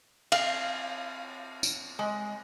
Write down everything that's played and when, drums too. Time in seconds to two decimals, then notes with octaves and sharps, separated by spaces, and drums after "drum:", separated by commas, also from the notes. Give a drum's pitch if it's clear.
0.32 F5, drum: cymbal
1.63 drum: tambourine
1.99 G#3